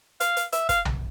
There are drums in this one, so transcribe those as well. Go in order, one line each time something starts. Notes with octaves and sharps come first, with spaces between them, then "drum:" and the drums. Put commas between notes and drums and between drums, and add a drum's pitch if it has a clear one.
F5, drum: hi-hat
drum: hi-hat
E5, drum: hi-hat
F5, drum: kick, hi-hat
drum: tom B1